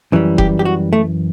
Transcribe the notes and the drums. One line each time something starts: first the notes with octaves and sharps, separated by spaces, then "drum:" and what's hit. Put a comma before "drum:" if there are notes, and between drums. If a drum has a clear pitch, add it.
F#2 E3 G3
G4, drum: kick F1
G4
F#4
A3